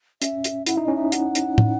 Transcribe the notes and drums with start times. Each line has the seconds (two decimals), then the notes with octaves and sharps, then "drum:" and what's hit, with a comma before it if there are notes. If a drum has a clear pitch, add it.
0.22 C#4 E5, drum: hi-hat
0.44 drum: hi-hat
0.66 E4 F#5, drum: hi-hat
0.76 D#4 E5
0.85 C#4 D#5
0.95 D#4 E5
1.12 F#5, drum: hi-hat
1.35 drum: hi-hat
1.58 drum: tom